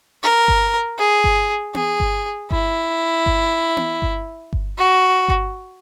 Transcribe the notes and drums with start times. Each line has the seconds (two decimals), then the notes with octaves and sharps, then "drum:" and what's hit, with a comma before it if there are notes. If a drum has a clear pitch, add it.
0.23 A#4
0.48 drum: kick G1
0.98 G#4
1.24 drum: kick G1
1.75 G#4, drum: tom B3
2.00 drum: kick G1
2.51 E4, drum: kick G1
3.26 drum: kick G1
3.77 drum: tom B3
4.02 drum: kick G1
4.53 drum: kick G1
4.78 F#4
5.28 drum: kick G1